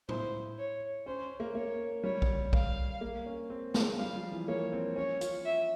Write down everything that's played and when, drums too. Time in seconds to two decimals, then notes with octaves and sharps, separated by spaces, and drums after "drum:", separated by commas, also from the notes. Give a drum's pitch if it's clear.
0.09 E4 C5, drum: tom A2
0.58 C#5
1.06 C#4 C5
1.40 A#3
1.55 A#3 C#5
2.04 G3 C#5
2.22 drum: kick
2.53 F5, drum: kick
3.01 A#3
3.26 C#4
3.50 C4
3.74 G#3, drum: snare
3.99 G3 F5
4.16 F3
4.32 E3
4.48 A#3 C#5
4.72 C4
4.96 C#4 C#5
5.21 F4, drum: hi-hat
5.45 E5